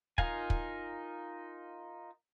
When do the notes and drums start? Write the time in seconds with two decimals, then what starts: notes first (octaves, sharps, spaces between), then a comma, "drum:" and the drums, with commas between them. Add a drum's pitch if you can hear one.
0.18 D#4 F4 A#4 F5 G#5, drum: kick
0.50 drum: kick